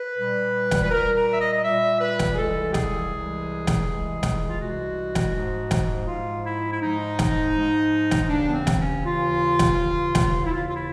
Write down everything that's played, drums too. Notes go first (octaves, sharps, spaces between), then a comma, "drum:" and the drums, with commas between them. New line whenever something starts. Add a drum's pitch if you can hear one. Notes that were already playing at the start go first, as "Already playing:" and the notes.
Already playing: B4
A#2 G3
drum: snare
B4
A#2 G3 A#4
A#4
E5
D#5
D#5
A#2 G3 E5
B4
drum: snare
G#4
C2 C3 E3 G#3 A4
G4
G#4, drum: snare
C2 C3 E3 G#3
drum: snare
C2 C3 E3 G#3
drum: snare
F4
C2 C3 E3 G#3 F#4
drum: snare
G#2 F3 G#3
drum: snare
G#2 F3 G#3 F4
E4
E4
G#2 F3 G#3 D#4
drum: snare
G#2 F3 G#3
drum: snare
D#4
D#2 C#3 E3 D4
B3
C4
drum: snare
C#4
D#2 C#3 E3 F4
drum: snare
D#2 C#3 E3
drum: snare
E4
D#2 C#3 E3 F4
F4
E4